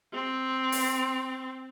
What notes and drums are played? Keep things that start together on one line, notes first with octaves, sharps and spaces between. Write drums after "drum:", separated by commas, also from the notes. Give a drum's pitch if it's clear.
C4
drum: open hi-hat